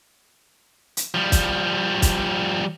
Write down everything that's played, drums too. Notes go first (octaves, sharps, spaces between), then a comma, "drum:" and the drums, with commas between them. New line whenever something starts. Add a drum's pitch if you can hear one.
drum: hi-hat
F3 G3
drum: kick, hi-hat
drum: kick, hi-hat